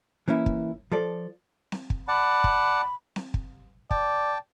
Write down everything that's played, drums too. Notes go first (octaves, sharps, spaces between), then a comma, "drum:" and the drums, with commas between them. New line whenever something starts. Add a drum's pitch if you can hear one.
E3 A#3 C#4 E4
drum: kick
F3 A4 D5
drum: snare C4
drum: kick
D5 F#5 A5 B5
drum: kick
drum: snare C4
drum: kick
D5 G5 A5, drum: kick